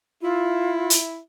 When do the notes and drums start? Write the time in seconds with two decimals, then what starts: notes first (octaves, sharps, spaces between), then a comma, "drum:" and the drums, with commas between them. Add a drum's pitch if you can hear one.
0.22 E4 F4
0.90 drum: hi-hat